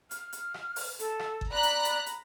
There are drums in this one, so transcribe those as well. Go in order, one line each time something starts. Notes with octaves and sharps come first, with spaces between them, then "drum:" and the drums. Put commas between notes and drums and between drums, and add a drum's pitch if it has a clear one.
F6, drum: hi-hat
drum: hi-hat
drum: rim click
drum: open hi-hat
A4, drum: hi-hat
drum: rim click
drum: kick G1
D5 A#5 B5 F#6
drum: hi-hat
drum: hi-hat
drum: hi-hat